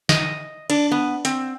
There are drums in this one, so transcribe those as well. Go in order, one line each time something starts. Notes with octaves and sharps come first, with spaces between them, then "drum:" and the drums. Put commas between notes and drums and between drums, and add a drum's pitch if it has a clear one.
D#5, drum: snare
D4, drum: cymbal
B3
C4, drum: hi-hat